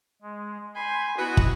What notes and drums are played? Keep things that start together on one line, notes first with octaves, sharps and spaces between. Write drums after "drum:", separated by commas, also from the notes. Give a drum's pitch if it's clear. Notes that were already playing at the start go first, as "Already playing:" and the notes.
G#3
G#5 B5 C6 G6
B3 E4 F#4 D#5 F#6
drum: kick